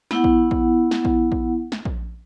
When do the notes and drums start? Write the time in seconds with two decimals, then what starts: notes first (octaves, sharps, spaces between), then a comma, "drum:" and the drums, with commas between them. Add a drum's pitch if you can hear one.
0.11 B3 E4 F#5, drum: snare
0.24 drum: kick A#1
0.51 drum: kick A#1
0.91 drum: snare
1.05 drum: kick A#1
1.32 drum: kick A#1
1.72 drum: snare
1.85 drum: kick A#1